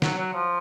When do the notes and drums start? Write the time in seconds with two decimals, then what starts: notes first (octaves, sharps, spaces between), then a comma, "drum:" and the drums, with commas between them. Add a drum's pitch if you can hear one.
0.02 F#3, drum: snare
0.18 F#3
0.34 F3